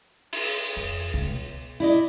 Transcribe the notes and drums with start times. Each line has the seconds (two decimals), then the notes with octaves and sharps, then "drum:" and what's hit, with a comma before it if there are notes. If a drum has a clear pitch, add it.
0.33 drum: open hi-hat
0.77 F2
1.14 C#2 A2
1.30 B2
1.80 E4 D5 D#5